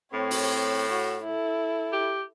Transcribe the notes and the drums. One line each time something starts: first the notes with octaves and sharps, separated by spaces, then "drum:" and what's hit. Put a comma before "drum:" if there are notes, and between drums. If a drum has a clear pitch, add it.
A2 C4 C#5
drum: open hi-hat
F#4
E4 A4
G4